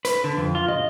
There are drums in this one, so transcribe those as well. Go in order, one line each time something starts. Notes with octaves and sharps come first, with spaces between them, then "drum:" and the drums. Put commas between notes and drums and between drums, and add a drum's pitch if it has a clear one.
B4, drum: hi-hat
D3
F2
F4
D#5, drum: tom